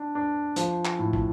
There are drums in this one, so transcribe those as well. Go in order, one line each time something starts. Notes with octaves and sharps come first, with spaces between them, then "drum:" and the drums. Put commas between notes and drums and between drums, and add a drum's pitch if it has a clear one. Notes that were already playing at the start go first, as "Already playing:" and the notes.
Already playing: D4
D4
F3, drum: hi-hat
drum: clap
A2
drum: kick